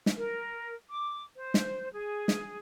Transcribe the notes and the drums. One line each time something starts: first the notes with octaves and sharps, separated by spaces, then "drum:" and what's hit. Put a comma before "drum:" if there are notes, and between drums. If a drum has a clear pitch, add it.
drum: snare
A#4
D6
C5
drum: snare
G#4
drum: snare